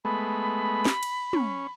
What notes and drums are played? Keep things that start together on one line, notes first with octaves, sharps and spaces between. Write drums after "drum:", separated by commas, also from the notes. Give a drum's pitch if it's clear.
G#3 A3 B3 B5
drum: snare
drum: cymbal
C#4, drum: tom